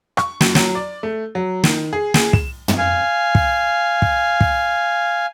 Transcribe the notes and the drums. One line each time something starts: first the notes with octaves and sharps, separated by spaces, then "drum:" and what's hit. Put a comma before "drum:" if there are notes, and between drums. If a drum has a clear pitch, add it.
C#6, drum: rim click
F#2, drum: snare
F#3, drum: snare
D5
A3
F#3
D#3, drum: snare
G#4
G#4, drum: snare
E7, drum: kick
drum: tom
F5 G#5
drum: kick
drum: kick
drum: kick